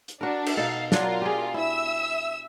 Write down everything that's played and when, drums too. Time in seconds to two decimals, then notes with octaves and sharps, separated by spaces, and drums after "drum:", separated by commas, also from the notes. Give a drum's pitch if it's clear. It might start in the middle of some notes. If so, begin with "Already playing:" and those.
0.08 drum: hi-hat
0.21 D4 F#4 A#4
0.46 drum: cymbal
0.57 B2 D#4 A4 F5
0.92 F#3 D4 F4 A#4, drum: snare
1.22 G4 G#4
1.54 E4 E5 E6